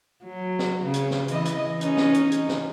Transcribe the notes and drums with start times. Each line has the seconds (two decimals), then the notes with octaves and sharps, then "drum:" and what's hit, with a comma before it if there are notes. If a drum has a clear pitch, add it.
0.24 F#3
0.59 drum: snare
0.84 C#3
0.94 drum: hi-hat
1.11 drum: snare
1.28 E3 D#5, drum: hi-hat
1.45 drum: hi-hat
1.81 C#4 D#4, drum: hi-hat
1.97 drum: snare
2.14 drum: hi-hat
2.32 drum: hi-hat
2.49 drum: snare